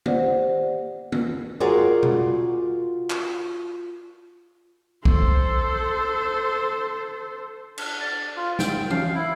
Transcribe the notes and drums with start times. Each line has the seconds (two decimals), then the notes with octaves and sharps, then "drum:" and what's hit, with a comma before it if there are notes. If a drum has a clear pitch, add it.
0.06 G4 C5 D5 F#5, drum: tom
1.12 drum: tom
1.60 F4 F#4 G#4 A#4 D5
2.03 drum: tom B2
3.10 drum: clap
5.05 A4 C5, drum: kick
7.78 D4, drum: cymbal
8.00 D5
8.36 F4
8.59 G5, drum: snare
8.90 F5, drum: tom E3
9.14 E4